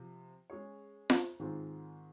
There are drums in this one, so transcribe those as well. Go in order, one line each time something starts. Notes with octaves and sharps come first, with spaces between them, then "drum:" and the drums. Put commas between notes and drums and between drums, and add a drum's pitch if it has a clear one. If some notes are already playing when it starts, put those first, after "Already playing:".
Already playing: C3 F3
G#3 C#4 G#4 C#5
drum: snare F4
G#2 D#3 G#3 C4 F4